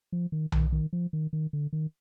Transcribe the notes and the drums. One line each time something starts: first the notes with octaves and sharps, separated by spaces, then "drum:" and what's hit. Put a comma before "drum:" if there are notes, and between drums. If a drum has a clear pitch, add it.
F3
D#3
D#3, drum: tom B1
D#3
F3
D#3
D#3
D3
D#3